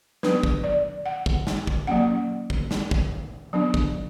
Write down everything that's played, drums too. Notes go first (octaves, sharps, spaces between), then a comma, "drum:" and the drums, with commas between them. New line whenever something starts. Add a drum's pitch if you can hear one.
F#3 B3 D4 B4, drum: snare
drum: kick
D5
F#5
drum: kick
drum: snare
drum: kick
F#3 A#3 C#4 F#5
drum: kick
drum: snare
drum: kick
F#3 B3 D4
drum: kick